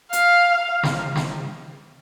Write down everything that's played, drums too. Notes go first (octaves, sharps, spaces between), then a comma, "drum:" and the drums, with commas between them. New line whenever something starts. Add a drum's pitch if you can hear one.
F5, drum: hi-hat
drum: snare
drum: snare